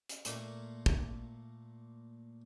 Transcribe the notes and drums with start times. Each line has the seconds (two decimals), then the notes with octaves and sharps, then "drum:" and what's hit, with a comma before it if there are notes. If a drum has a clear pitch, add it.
0.09 drum: hi-hat
0.25 A#2 A3 A#3, drum: hi-hat
0.86 drum: kick